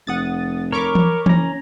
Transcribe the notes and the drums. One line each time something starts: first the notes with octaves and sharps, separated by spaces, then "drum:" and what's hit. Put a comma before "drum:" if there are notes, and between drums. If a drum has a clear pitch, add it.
F1 F#5 D#6 A6
A#4 C#5 B5 C#6 D6
drum: tom E3
F#1 C#4 A#5, drum: tom E3